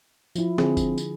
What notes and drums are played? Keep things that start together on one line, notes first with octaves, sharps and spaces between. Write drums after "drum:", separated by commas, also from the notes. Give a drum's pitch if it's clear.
F3 E4, drum: tambourine
D3 C4 G#4, drum: snare
drum: kick G1, tambourine
drum: tambourine